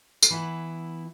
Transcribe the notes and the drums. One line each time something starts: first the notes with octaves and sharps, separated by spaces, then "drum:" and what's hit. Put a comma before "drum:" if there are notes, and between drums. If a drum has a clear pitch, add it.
A4, drum: tambourine
E3 B3 E4 B4